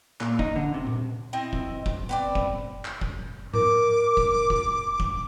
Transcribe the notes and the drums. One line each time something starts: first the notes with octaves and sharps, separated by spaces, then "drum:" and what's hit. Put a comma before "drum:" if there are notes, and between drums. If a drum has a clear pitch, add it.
A#2, drum: clap
D#4, drum: kick F1
D3
C3
drum: tom A#2
C4 E4 D#5
drum: kick F1
drum: kick F1
B3 C4 D5
drum: kick F1
drum: clap
drum: kick F1
A#4 D6, drum: tom G#2
drum: kick F1
drum: kick F1
drum: kick F1